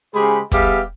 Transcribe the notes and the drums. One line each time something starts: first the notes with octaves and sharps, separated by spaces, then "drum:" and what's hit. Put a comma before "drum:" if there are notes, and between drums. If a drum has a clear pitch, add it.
C#3 G#3 G4 G#4 C5 B5
G3 B3 G4 G#4 E5 F5, drum: kick, hi-hat